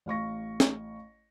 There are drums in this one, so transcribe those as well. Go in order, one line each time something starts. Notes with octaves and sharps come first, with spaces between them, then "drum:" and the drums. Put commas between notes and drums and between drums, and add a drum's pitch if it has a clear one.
A1 F5 C#6 A#6
drum: snare